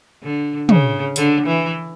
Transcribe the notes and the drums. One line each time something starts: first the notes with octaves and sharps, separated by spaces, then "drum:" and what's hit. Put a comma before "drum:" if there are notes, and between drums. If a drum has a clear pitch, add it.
D3
C#3, drum: tom
D3, drum: hi-hat
E3